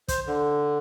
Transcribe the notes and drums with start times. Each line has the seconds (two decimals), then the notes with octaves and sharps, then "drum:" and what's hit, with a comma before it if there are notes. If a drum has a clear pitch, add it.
0.08 C5, drum: kick, hi-hat
0.27 D3